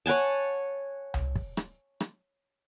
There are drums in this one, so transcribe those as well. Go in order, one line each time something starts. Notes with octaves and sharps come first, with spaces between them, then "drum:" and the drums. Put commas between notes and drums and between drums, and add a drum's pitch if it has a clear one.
C#5 F#5 G#5 A5
drum: tom C2
drum: kick
drum: rim click
drum: rim click